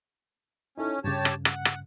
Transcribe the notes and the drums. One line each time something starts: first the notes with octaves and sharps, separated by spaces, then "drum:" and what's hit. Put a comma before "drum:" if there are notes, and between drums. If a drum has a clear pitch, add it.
C#4 D#4 E4 A4
G2 C#3 G4 C#5 A5
drum: rim click
F#5, drum: rim click
drum: rim click